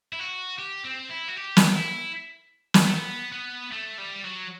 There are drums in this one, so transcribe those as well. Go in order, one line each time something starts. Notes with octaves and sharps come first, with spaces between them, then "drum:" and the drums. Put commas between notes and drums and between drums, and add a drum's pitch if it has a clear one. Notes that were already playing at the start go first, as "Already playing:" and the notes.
E4
F#4
G4
C4
E4
F#4
G4
drum: snare
E4
drum: snare
A3
B3
B3
A3
G3
F#3